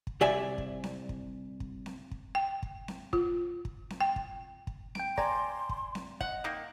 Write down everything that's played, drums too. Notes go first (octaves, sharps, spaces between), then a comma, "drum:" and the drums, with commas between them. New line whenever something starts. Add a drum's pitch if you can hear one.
drum: kick
C2 G4 D5 E5 G#5
drum: kick
drum: snare C4
drum: kick
drum: kick
drum: snare C4
drum: kick
G5
drum: kick
drum: snare C4
F4, drum: kick
drum: kick
drum: snare C4
G5
drum: kick
drum: kick
G5 D7, drum: snare C4
D5 G#5 A#5 C6, drum: kick
drum: kick
drum: snare C4
D#5 F#5, drum: kick
D#3 A#3